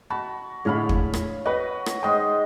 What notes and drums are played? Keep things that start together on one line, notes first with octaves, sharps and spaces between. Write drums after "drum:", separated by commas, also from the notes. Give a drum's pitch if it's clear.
F#4 A5 B5
A2 D3 G#3 C#5 F5 B5
drum: kick
drum: rim click
F#4 B4 D#5
drum: rim click
G#2 D#5 G5 C6